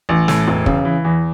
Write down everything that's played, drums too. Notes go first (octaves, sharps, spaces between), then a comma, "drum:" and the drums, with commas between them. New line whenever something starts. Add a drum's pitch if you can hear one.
A1
A2, drum: snare
E1
C#3, drum: kick
E3
E2